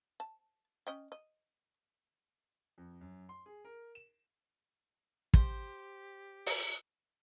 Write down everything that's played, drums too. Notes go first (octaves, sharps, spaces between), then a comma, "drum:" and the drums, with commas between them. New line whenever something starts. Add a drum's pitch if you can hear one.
A5
C#4 D#5 G5
D#5
F2
F#2
C6
G#4
A#4
E7
G4 C5, drum: kick
drum: open hi-hat